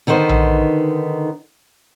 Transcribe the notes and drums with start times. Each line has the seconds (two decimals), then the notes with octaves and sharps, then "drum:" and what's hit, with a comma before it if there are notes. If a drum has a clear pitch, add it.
0.07 D3 D#3 B3 D#4 C5
0.29 drum: tom A#1